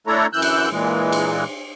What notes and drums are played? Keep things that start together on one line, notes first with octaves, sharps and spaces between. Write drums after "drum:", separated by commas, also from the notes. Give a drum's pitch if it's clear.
A3 D4 E4 A4 C#5 A#5
F#2 E3 E6 F#6 G6
drum: cymbal
A#2 E3 G#3
drum: cymbal